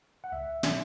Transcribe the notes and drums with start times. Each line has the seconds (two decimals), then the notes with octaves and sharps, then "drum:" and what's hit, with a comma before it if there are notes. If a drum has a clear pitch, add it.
0.24 F#5
0.32 C#2 E5
0.63 B2 F#3 B3 D4, drum: snare